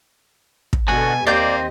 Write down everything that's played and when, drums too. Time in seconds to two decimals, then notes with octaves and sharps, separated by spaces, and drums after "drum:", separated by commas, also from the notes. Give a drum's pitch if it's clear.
0.73 drum: kick
0.88 B2 D3 F#4 A4 G#5
1.27 D#2 A#3 C4 G4 D5 D#5 G6